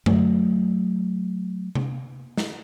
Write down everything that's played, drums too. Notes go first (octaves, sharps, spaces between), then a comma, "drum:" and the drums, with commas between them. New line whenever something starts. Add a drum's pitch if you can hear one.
F#3 A3, drum: tom F#2
drum: tom C3
drum: snare